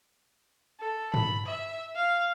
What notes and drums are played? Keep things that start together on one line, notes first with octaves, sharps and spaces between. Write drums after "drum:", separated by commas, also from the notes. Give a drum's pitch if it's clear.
A4
B5, drum: tom G2
E5
F5